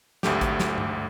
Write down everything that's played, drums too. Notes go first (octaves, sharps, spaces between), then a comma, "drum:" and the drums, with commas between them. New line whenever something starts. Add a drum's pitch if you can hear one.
G#1 D2 A3 G4, drum: snare
drum: kick A1, hi-hat
drum: snare
drum: tom G2